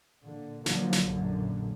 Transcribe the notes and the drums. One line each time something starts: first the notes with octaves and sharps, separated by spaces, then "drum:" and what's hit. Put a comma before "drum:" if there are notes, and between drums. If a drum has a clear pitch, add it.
A#2 D3
D3 F3 F#3 A#3, drum: snare
drum: snare
A#1 F#2 A#2 D3